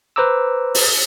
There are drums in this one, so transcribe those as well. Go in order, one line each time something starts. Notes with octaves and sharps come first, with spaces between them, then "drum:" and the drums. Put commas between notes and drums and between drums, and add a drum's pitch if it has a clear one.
B4 C5 A#5 D6 E6
drum: open hi-hat